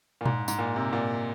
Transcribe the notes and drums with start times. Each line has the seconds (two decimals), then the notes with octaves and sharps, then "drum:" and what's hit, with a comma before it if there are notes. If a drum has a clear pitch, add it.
0.21 A#2
0.25 G#2, drum: tom A#2
0.48 G#2, drum: tambourine
0.59 A#2
0.76 C3
0.93 A#2